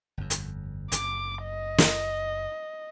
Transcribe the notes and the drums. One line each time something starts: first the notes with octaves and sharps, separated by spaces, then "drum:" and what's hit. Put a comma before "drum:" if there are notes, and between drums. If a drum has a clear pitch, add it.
G1 F2
drum: hi-hat
F#1 D6, drum: hi-hat
D#5
drum: snare